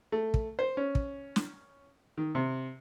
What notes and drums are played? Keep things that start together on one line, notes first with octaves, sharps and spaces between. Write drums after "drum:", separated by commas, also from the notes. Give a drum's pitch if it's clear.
A3
drum: kick
C5
C#4
drum: kick
drum: snare
D#3
C3